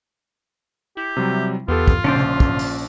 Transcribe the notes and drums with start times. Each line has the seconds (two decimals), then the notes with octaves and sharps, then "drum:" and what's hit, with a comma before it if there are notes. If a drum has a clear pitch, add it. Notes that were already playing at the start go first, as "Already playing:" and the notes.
0.97 E4 G4
1.17 C3 F#3 G3
1.68 E2 B3 F4 G4 A4
1.88 drum: kick
2.04 A#1 C#3 C#4 D4 C5
2.16 drum: tom C3
2.40 drum: kick
2.59 drum: open hi-hat